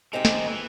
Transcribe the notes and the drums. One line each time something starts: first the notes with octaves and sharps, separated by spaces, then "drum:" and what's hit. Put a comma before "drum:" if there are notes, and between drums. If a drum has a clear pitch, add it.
C3 G#3 C4 D#4 G4
D3, drum: snare
D#3
E3